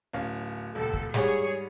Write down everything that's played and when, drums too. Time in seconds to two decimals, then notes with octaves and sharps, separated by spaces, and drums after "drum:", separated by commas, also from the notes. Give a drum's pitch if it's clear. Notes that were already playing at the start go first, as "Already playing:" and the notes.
0.13 D1 C#4 F5
0.75 D#1 C#2 A4
0.93 drum: kick
1.14 G#2 G3 G#4 C#5, drum: snare